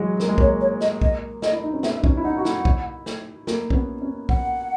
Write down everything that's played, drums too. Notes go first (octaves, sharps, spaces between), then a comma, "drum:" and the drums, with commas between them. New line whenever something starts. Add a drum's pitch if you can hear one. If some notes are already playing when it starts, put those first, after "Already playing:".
Already playing: E3 F#3 G#3
A#3 A#4, drum: snare
G#3
A#3 C#5, drum: kick B1
C#5
D#5, drum: snare
D#5, drum: kick B1
D#5, drum: snare
E4
D#4
C#4
B3 E5, drum: snare
D#4
C#4, drum: kick B1
E4
D#4 F#5
F#4
E4, drum: snare
drum: kick B1
drum: snare
A#3, drum: snare
C#4, drum: kick B1
B3
C#4
F#5, drum: kick B1